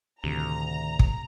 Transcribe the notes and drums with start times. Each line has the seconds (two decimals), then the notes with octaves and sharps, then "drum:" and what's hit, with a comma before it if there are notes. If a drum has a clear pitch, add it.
0.24 D2 A2 C3 D#3 A#5
0.99 drum: kick